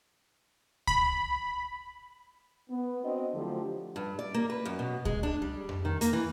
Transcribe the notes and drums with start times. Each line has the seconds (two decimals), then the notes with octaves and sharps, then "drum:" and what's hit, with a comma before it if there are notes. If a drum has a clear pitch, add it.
0.87 B5, drum: kick C#2
2.69 B3
3.03 C4 D4 F#4 D#5
3.34 D3 F3 F#3 A3 E4 G4
3.96 G2
4.19 D5
4.34 A#3
4.50 B4
4.65 F#2
4.79 B2
5.05 G#3, drum: kick C#2
5.23 D4
5.42 G3
5.69 drum: tom F2
5.85 D#3
6.01 A#3, drum: hi-hat
6.13 E3